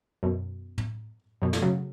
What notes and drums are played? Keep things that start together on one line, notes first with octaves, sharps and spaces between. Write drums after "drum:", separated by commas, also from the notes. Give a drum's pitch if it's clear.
F#2 B2
drum: tom
F#2 B2
A3, drum: snare
C#3 F#3